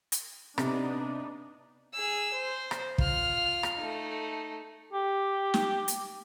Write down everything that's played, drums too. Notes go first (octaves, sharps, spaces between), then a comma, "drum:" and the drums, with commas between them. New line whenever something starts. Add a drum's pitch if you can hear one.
drum: hi-hat
C3 B3 D4 D#4, drum: rim click
G#4 E6
C5
drum: rim click
F4 F6, drum: kick
drum: rim click
A3 D#4
G4
drum: snare
drum: hi-hat